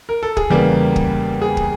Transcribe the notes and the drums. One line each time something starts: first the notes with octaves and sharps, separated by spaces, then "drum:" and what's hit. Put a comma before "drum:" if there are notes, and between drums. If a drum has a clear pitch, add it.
A#4
A4
G#4, drum: kick
E2 C#3 E3 G3 A#3 G4
drum: kick
G#4
drum: kick